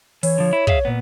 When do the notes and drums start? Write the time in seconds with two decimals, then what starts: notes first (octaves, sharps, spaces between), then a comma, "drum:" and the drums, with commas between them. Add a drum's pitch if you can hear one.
0.23 E3 C#5, drum: open hi-hat
0.38 D3 F3
0.53 E4
0.67 G#4 E5 F5, drum: kick
0.85 A#2 B3